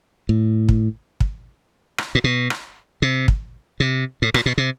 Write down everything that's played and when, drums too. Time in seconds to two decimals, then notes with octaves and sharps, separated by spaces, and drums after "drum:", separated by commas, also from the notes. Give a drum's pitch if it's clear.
0.29 A2
0.69 drum: kick
1.20 drum: kick
1.98 drum: rim click
2.15 A#2
2.24 B2
2.50 drum: rim click
3.02 C3
3.28 drum: kick
3.80 C3
4.22 A2
4.34 A#2, drum: rim click
4.46 B2
4.58 C3